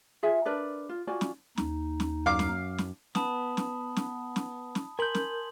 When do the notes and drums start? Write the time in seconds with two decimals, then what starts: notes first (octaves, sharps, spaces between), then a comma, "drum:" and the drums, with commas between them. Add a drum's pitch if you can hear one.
0.23 F4 G#4 E5 G#5
0.46 D4 A#4 B4 D5
0.89 F4
1.07 F4 F#4 D5 G#5
1.21 drum: snare
1.58 D#2 D#4, drum: snare
2.00 drum: snare
2.26 F#2 F5 D6
2.39 drum: snare
2.78 drum: snare
3.15 B3 A5 B5 D#6, drum: snare
3.57 drum: snare
3.96 drum: snare
4.36 drum: snare
4.75 drum: snare
4.99 A#4 G#5 B5 C6 G6 F#7
5.15 drum: snare